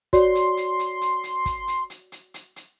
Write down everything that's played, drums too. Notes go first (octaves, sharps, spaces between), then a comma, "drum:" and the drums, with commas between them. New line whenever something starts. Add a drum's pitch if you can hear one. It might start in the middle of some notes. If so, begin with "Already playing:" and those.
F#4 C#5 D5 C6, drum: kick, hi-hat
drum: hi-hat
drum: hi-hat
drum: hi-hat
drum: hi-hat
drum: hi-hat
drum: kick, hi-hat
drum: hi-hat
drum: hi-hat
drum: hi-hat
drum: hi-hat
drum: hi-hat